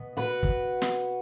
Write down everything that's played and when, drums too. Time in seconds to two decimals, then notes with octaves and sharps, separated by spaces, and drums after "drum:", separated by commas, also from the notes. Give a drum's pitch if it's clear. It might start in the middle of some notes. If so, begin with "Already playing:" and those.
Already playing: B2 B3
0.17 F#4 B4
0.43 drum: kick
0.82 drum: snare